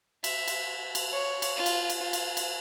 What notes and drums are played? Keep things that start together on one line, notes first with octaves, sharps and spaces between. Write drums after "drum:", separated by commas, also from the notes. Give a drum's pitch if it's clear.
E5, drum: cymbal
drum: cymbal
drum: cymbal
C#5
drum: cymbal
F4
drum: cymbal
drum: cymbal
F4
drum: cymbal
drum: cymbal